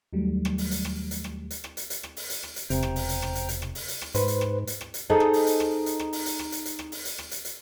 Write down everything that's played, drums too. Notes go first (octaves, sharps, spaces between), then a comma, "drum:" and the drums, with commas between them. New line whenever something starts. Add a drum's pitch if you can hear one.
D#2 D#3 F#3 G3 A3
drum: rim click
drum: open hi-hat
drum: hi-hat
drum: rim click
drum: hi-hat
drum: rim click
drum: hi-hat
drum: rim click
drum: hi-hat
drum: hi-hat
drum: rim click
drum: open hi-hat
drum: hi-hat
drum: rim click
drum: hi-hat
E1 C3 C5 G5 A#5, drum: hi-hat
drum: rim click
drum: open hi-hat
drum: hi-hat
drum: rim click
drum: hi-hat
drum: hi-hat
drum: rim click
drum: open hi-hat
drum: hi-hat
drum: rim click
G#2 B4 C5, drum: hi-hat
drum: hi-hat
drum: rim click
drum: hi-hat
drum: rim click
drum: hi-hat
D#4 G#4 A4 C5 D#5
drum: rim click
drum: open hi-hat
drum: hi-hat
drum: rim click
drum: hi-hat
drum: rim click
drum: open hi-hat
drum: hi-hat
drum: rim click
drum: hi-hat
drum: hi-hat
drum: rim click
drum: open hi-hat
drum: hi-hat
drum: rim click
drum: hi-hat
drum: hi-hat